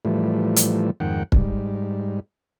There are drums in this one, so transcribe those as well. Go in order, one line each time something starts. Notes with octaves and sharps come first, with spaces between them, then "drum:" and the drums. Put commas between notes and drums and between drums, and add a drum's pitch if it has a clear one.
A2 E3 F3 G3 A3
drum: hi-hat
F2 G#2 D#3 F#5 G5
G#2 G3, drum: kick